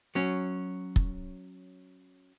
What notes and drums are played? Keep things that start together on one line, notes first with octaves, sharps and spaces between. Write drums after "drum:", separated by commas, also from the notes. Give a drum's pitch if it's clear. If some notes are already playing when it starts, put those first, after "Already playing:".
F#3 C#4
drum: kick